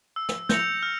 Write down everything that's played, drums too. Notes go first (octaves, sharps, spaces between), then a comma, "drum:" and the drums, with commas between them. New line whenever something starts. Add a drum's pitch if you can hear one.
E6
drum: snare
G6 A#6 C#7 F7, drum: snare
F6